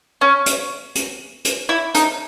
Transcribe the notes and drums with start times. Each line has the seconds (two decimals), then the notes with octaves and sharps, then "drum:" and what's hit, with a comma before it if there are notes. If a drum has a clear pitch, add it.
0.21 C#4
0.46 drum: hi-hat
0.95 drum: hi-hat
1.45 drum: hi-hat
1.69 E4
1.95 D#4, drum: hi-hat